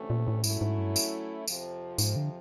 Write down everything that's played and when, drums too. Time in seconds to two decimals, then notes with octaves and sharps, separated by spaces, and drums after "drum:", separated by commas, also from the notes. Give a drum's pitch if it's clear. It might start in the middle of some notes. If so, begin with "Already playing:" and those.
Already playing: D2 C3 E3 A3 C#4
0.10 A#2
0.28 A2
0.44 G#2 F#3 A3 C#4 E4, drum: tambourine
0.61 G#2
0.78 G2
0.96 drum: tambourine
1.47 F2 C3 F3, drum: tambourine
1.98 G#2, drum: tambourine
2.16 D3